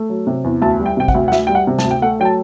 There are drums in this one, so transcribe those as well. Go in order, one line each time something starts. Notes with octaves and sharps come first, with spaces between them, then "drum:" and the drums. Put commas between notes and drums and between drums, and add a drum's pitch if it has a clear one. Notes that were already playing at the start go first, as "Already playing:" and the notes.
Already playing: A3
F#3
C3
E2
D2 A5
G3
G5
C3 G5
F#5, drum: kick
D2
F#5
D2 E5, drum: snare
G3 G5
F#5
C3
A5, drum: snare
D2
G5
A3 F#5
F#3 G5
A5